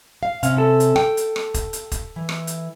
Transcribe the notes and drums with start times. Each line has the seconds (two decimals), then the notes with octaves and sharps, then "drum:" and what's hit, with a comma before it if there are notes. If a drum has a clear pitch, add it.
0.23 F5
0.43 C3 C#4 F5, drum: hi-hat
0.58 A4
0.80 drum: hi-hat
0.96 G5, drum: rim click
1.17 drum: hi-hat
1.36 drum: rim click
1.54 drum: kick, hi-hat
1.73 drum: hi-hat
1.92 drum: kick, hi-hat
2.16 E3
2.29 drum: rim click
2.47 drum: hi-hat